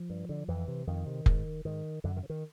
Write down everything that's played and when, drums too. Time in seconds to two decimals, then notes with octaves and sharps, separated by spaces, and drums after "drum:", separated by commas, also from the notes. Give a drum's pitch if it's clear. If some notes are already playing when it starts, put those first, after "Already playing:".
Already playing: F3
0.10 G2
0.29 D3
0.48 F2 E3
0.68 C3
0.87 F2 D#3
1.06 C3
1.26 G#2, drum: kick F1
1.65 G#2 D#3
2.04 F#2 D3
2.17 D#3
2.23 C#3
2.30 D#3